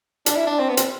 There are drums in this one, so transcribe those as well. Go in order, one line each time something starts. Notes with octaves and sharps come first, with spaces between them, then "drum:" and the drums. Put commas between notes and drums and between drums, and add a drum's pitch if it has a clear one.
D4, drum: hi-hat
E4
D4
C4
B3
C4, drum: hi-hat